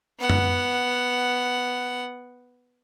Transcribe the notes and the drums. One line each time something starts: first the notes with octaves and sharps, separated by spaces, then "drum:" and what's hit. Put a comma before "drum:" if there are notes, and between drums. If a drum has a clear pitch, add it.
B3 F#5
drum: tom F#2